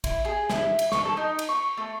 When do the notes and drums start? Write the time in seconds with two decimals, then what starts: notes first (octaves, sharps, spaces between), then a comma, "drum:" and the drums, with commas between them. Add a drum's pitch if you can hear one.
0.04 E4, drum: kick A1, cymbal
0.25 G#4
0.50 E4, drum: snare
0.79 drum: cymbal
0.92 C#6, drum: snare
1.05 A4
1.17 D#4
1.39 drum: cymbal
1.49 C#6
1.77 A3